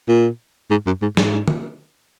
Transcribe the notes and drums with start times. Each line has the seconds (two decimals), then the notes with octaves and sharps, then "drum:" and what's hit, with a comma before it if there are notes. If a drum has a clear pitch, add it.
0.09 A#2
0.71 G#2
0.87 F#2
1.02 G#2
1.17 G#2, drum: snare
1.48 drum: tom